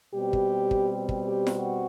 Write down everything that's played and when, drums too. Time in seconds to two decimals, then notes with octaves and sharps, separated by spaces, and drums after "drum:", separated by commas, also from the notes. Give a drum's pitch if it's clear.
0.14 B2 G3 C4 G4
0.33 drum: kick
0.71 drum: kick
1.09 drum: kick
1.28 G4
1.47 drum: snare
1.56 F#4